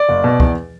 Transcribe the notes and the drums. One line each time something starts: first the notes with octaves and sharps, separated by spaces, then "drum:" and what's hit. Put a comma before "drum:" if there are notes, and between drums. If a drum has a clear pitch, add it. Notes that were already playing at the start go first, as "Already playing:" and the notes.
Already playing: D5
F#1
B2
E2, drum: kick